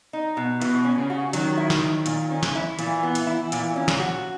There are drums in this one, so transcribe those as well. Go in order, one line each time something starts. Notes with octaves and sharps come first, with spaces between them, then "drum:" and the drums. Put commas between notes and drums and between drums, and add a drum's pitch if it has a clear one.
D#4
B2
B2 E3, drum: hi-hat
C#4
C#3
F#4
D#3 F#3, drum: hi-hat
E4
drum: snare
F#3
A#2, drum: hi-hat
C#4
drum: snare
E4
A#2 E3, drum: hi-hat
B3
drum: hi-hat
E4
A#2, drum: hi-hat
C#4
drum: snare
F#4